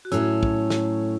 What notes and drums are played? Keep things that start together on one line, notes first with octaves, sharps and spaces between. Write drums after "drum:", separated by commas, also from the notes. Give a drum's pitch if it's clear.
F#4
A2 F#3 C#4 E4 A4, drum: hi-hat
drum: kick
drum: snare